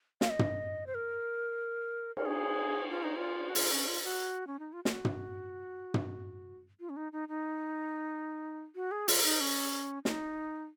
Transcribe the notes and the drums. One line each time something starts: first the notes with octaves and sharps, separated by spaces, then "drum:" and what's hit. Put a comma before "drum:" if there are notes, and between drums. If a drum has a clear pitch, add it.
F5, drum: snare
D#5
drum: tom
C5
A#4
A#4, drum: cymbal
G#4
F4
D#4
F4
F#4
F4, drum: open hi-hat
C#4
F4
F#4
C#4
D#4
F4
F#4, drum: snare
drum: tom
drum: tom
F4
C#4
D#4
D#4
D#4
F#4
G#4
F4, drum: open hi-hat
D#4
C#4
D#4, drum: snare